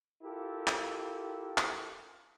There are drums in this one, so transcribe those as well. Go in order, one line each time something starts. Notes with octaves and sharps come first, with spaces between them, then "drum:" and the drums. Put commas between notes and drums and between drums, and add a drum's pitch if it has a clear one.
E4 F4 G4 A4 A#4
drum: clap
drum: clap